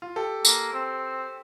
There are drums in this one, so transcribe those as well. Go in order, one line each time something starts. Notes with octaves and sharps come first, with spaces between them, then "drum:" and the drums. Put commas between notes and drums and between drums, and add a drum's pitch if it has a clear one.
F4
G4 A4
A#3, drum: tambourine
C4